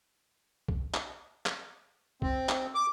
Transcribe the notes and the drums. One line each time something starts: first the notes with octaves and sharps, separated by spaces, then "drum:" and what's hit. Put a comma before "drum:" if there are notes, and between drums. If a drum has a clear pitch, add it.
drum: kick
drum: clap
drum: clap
C4, drum: kick
drum: clap
D6